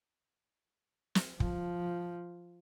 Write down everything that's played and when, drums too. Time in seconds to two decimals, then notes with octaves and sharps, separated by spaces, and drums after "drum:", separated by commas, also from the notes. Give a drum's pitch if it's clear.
1.15 drum: snare
1.40 F3, drum: kick